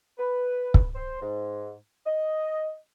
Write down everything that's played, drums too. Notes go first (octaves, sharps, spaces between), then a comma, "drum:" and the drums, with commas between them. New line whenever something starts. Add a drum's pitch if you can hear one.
B4
drum: kick
C5
G#2
D#5